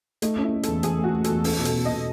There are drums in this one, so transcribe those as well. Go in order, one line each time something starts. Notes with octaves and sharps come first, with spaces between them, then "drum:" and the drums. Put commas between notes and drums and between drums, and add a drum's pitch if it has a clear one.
A3 D#4, drum: hi-hat
C#4 E4
A3
E2 A4, drum: hi-hat
E2 G#4, drum: hi-hat
A3 F#4
A3
A4, drum: hi-hat
E2
C#4 A4, drum: open hi-hat
B2
A4, drum: hi-hat
B2
B2 D#5